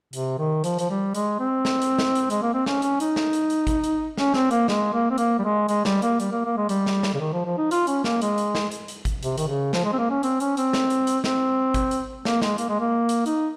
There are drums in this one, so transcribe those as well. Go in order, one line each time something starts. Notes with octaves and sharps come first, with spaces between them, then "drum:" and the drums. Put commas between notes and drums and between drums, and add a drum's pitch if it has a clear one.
C3, drum: hi-hat
D#3
F3, drum: hi-hat
F3, drum: hi-hat
G3
G#3, drum: hi-hat
C4
drum: snare
drum: hi-hat
drum: snare
drum: hi-hat
G#3, drum: hi-hat
A#3
C4
C#4, drum: snare
C#4, drum: hi-hat
D#4, drum: hi-hat
drum: snare
drum: hi-hat
drum: hi-hat
drum: kick G#1, hi-hat
drum: hi-hat
C#4, drum: snare
C4, drum: snare
A#3, drum: hi-hat
G#3, drum: snare
A#3
C4
A#3, drum: hi-hat
G3
G#3
G#3, drum: hi-hat
G3, drum: snare
A#3, drum: hi-hat
G3, drum: hi-hat
A#3
A#3
G#3
G3, drum: hi-hat
drum: snare
drum: snare
C#3
D#3
F3
F3
D#4
F4, drum: hi-hat
C#4, drum: hi-hat
A#3, drum: snare
G#3, drum: hi-hat
drum: hi-hat
drum: snare
drum: hi-hat
drum: hi-hat
drum: kick G#1, hi-hat
C3, drum: hi-hat
D#3, drum: hi-hat
C#3
F3, drum: snare
G#3
C4
A#3
C#4
C4, drum: hi-hat
C#4, drum: hi-hat
C4, drum: hi-hat
drum: snare
drum: hi-hat
drum: hi-hat
C4, drum: snare
drum: kick G#1, hi-hat
drum: hi-hat
A#3, drum: snare
G#3, drum: snare
A#3, drum: hi-hat
G#3
A#3
drum: hi-hat
D#4, drum: hi-hat